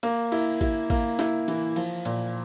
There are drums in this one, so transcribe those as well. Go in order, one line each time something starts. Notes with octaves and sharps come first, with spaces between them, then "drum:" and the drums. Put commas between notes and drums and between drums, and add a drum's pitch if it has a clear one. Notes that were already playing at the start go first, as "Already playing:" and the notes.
A#3, drum: cymbal
E4, drum: cymbal
E4, drum: kick A1, cymbal
A#3, drum: kick A1, cymbal
E4, drum: snare
E3, drum: cymbal
F3, drum: cymbal
A#2, drum: cymbal